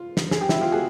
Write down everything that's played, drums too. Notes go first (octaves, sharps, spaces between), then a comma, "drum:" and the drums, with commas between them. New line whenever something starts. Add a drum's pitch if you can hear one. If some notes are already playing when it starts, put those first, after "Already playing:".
Already playing: F4
drum: snare
G#4, drum: snare
G4
E4 F#4, drum: snare
F4 G4
F#4 G#4